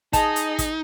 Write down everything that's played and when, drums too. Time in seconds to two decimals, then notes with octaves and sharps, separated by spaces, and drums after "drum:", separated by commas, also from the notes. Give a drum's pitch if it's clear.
0.13 D#4 G#4 D#5 A5, drum: kick, hi-hat
0.36 drum: hi-hat
0.59 drum: kick, hi-hat